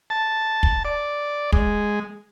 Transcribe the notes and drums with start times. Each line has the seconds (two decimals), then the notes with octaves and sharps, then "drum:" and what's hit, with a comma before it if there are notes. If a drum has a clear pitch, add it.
0.10 A5
0.63 drum: kick
0.85 D5
1.52 G#3, drum: kick